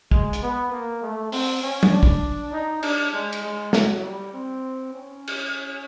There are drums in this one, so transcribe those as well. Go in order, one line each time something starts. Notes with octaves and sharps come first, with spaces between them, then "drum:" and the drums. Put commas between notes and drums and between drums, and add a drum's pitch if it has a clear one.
G#3, drum: kick
drum: hi-hat
B3
A#3
A3
C4, drum: open hi-hat
C#4
drum: tom F#3
D4
drum: kick
D#4
D4, drum: cymbal
G#3
drum: cymbal
G#3
F#3, drum: snare
G3
C4
C#4
drum: cymbal